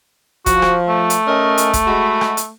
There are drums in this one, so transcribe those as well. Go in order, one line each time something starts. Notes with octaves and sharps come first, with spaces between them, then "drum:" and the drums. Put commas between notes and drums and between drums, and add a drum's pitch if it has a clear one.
F3 F#4, drum: kick, hi-hat
drum: rim click
A3
drum: hi-hat
C#4 A#4 D#5
drum: hi-hat
drum: kick, hi-hat
G#3 F#4 B5
drum: rim click
drum: hi-hat